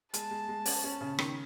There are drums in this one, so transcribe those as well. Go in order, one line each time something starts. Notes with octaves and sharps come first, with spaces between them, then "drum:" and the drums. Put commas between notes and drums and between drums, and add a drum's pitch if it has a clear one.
G#3 A5, drum: hi-hat
G#3
G#3
C#4, drum: open hi-hat
C#4
C#3
D#3, drum: rim click